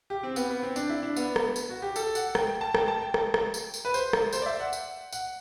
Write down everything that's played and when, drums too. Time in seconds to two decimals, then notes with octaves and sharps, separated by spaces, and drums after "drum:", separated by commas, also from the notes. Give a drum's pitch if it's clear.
0.10 G4
0.23 C4
0.36 B3, drum: tambourine
0.50 B3
0.63 C4
0.76 D4, drum: tambourine
0.90 E4
1.03 D4
1.17 B3, drum: tambourine
1.36 drum: rim click
1.56 drum: tambourine
1.69 F#4
1.82 G4
1.96 A4, drum: tambourine
2.15 F#5, drum: tambourine
2.35 G5, drum: rim click
2.48 G5
2.61 A5
2.75 G5, drum: rim click
2.88 A5
3.02 G5
3.14 drum: rim click
3.34 drum: rim click
3.54 drum: tambourine
3.74 drum: tambourine
3.85 B4
3.94 C5, drum: tambourine
4.13 drum: rim click
4.33 C5, drum: tambourine
4.42 D5
4.46 E5
4.60 F#5
4.73 drum: tambourine
5.12 F#5, drum: tambourine